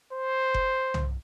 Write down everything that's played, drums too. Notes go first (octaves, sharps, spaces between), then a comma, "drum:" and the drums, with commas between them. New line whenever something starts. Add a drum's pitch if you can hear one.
C5
drum: kick F#1
drum: tom C2